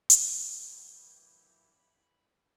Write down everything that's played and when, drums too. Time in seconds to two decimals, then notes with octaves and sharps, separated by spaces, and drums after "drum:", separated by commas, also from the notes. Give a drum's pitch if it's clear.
0.10 A2 E3 F#3 A#3 E4 G4, drum: hi-hat
1.73 B5